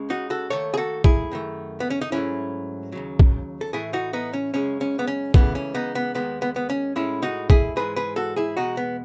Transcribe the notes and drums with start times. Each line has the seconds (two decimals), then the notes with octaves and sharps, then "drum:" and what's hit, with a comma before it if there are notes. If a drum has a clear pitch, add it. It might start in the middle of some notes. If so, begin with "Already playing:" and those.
Already playing: C#2 C#3 G#3
0.10 D#4 F#4
0.30 F#4 A4
0.50 D#2 D#3 A3 A4 C#5
0.74 G#4
0.77 F#4 A4
1.04 E4 G#4, drum: kick
1.31 F#2 D#3 A3
1.80 B3
1.90 C#4
2.01 D#4
2.12 G#2 F#3 A3 C#4 E4
2.92 D#2 C#3 F#3
3.19 drum: kick
3.61 A4
3.73 A2 E3 A3 E4 G#4
3.93 D#4 F#4
4.13 B3 D#4
4.33 C#4
4.54 F#2 C#3 G#3 C#4
4.81 C#4
4.99 B3
5.07 C#4
5.34 C#2 C#3 E3 A3 B3, drum: kick
5.55 C#4
5.74 B3 D#4
5.95 B3
6.15 D#2 D#3 G#3 B3
6.42 B3
6.56 B3
6.69 C#4
6.96 A2 G#3 C#4 E4
7.22 D#4 F#4
7.50 E4 G#4, drum: kick
7.76 G#2 E3 G#3 G#4 B4
7.96 G#4 B4
8.16 F#4 A4
8.36 E4 G#4
8.57 E2 B2 G#3 D#4 F#4
8.77 B3